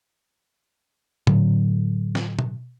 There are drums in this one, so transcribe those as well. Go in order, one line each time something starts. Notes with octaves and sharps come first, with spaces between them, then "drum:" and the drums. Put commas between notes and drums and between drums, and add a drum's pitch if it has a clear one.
A2 D3 F#3, drum: tom A#2
drum: snare
drum: tom B2